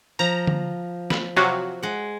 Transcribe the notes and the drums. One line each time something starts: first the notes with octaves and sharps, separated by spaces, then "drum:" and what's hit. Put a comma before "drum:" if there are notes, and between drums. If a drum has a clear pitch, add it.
F3 A#5
drum: tom D3
B5, drum: snare
C3 F#3 F#4 F5
G#3 F#5